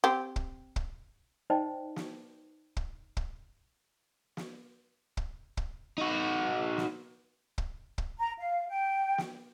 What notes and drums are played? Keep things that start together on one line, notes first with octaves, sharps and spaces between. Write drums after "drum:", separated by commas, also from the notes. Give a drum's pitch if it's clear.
C4 G4
drum: kick
drum: kick
D#4 C5 D5 D#5 G5 A5
drum: snare
drum: kick
drum: kick
drum: snare
drum: kick
drum: kick
D#4 F#4
drum: snare
drum: kick
drum: kick
A#5
F5
G5
drum: snare